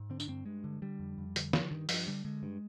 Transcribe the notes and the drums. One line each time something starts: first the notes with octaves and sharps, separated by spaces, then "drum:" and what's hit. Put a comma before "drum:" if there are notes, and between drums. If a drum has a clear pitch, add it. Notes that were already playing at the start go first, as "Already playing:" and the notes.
Already playing: G#2
D3 C4
D4, drum: tambourine
G2 C4
G2 G#3
D3
D3 G3
F2
F2
D3, drum: hi-hat
D3 F3, drum: snare
G2 D#3
G2 F3, drum: open hi-hat
D3 G3
D3 G#3
G2